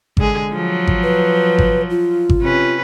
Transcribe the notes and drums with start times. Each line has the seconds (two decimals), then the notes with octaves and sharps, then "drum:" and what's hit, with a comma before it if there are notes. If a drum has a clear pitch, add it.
0.17 D3 G#3 G#4, drum: kick G#1
0.52 F3 F#3
0.87 drum: kick G#1
1.03 B4
1.58 drum: kick G#1
1.90 F4
2.29 drum: kick G#1
2.41 C3 C#4 B4